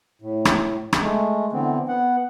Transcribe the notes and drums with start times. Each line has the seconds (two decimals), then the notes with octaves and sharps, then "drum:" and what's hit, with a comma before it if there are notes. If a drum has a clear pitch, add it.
0.22 A2
0.45 drum: rim click
0.93 drum: rim click
1.02 G#3 A3
1.53 D3 E3 B3 C4
1.89 B3 F#5